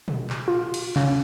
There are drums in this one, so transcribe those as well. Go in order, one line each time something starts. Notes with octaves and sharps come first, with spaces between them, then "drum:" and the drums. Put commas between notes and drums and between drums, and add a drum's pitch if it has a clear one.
drum: tom
drum: clap
F4
drum: cymbal
C#3, drum: clap